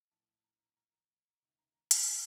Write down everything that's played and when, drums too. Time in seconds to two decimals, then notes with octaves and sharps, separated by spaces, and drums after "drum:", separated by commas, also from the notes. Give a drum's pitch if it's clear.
0.11 A#1 A2 A5
0.44 A#5
0.77 A#5
1.42 C#2 C3 D#3
1.59 A#5
1.75 A#5
1.91 A#5, drum: hi-hat
2.01 F#5
2.08 A5